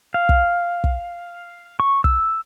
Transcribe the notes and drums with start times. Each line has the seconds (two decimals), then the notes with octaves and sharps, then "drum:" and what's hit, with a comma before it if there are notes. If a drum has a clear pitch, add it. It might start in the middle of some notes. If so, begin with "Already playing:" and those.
0.14 F5
0.29 drum: kick
0.84 drum: kick
1.80 C#6
2.04 E6, drum: kick